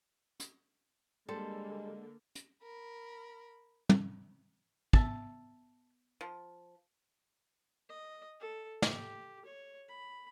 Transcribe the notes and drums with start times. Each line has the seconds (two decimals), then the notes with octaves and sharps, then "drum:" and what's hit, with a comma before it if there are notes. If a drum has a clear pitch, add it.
0.40 drum: hi-hat
1.29 D3 G3 G#3 A#3 A4 C5 A5
2.35 drum: hi-hat
2.62 A#4 B5
3.89 drum: tom
4.93 B3 E5 A5, drum: kick
6.21 F3
7.89 D#5
8.40 A4
8.82 G4, drum: snare
9.45 C#5
9.89 B5